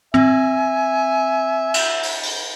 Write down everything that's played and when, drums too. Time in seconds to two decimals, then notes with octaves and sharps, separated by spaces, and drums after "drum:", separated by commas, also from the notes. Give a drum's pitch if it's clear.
0.14 C4 E5 G#5, drum: tom
1.74 drum: cymbal
2.03 drum: open hi-hat
2.23 drum: open hi-hat